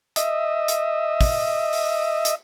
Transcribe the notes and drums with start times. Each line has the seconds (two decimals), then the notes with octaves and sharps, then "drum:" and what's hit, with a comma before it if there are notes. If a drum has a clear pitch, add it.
0.16 D#5 E5, drum: hi-hat
0.68 drum: hi-hat
1.21 drum: kick, open hi-hat
1.73 drum: open hi-hat
2.25 drum: hi-hat